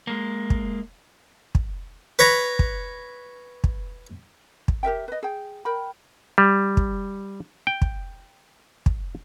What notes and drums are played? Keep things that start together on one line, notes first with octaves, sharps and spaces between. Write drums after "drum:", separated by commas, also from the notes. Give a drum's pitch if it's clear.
G#3 A#3
drum: kick
drum: kick
B4 C#5 A#5 B5
drum: kick
drum: kick
drum: kick
G4 A#4 E5 G5
B4 D#5
G#4 G5
A#4 G5 B5
G3
drum: kick
G5
drum: kick
drum: kick